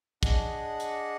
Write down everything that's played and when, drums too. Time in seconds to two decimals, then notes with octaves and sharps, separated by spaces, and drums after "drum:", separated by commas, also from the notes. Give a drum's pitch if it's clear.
0.23 D4 G#4 D#5 F#5, drum: kick, hi-hat
0.80 drum: hi-hat